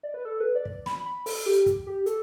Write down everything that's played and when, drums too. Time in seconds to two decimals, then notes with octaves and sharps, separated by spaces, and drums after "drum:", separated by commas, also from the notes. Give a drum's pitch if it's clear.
0.03 D5
0.14 B4
0.25 A4
0.40 B4
0.55 D5
0.65 drum: kick
0.86 B5, drum: snare
1.06 B5
1.26 A4, drum: open hi-hat
1.46 G4
1.66 drum: kick, hi-hat
1.87 G4
2.06 A4, drum: hi-hat